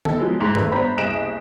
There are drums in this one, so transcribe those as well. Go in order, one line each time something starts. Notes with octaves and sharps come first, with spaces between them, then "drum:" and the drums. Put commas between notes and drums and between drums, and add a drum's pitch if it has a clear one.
D#4 A4, drum: tom D3
F3 F#3 G#3 B3
D2 G#2 C6
F#1 F#2 A3 B4, drum: tom G2
G1 B3 D4 C5 A#5 B5
F#1 C2 G#4 D#5 D7 E7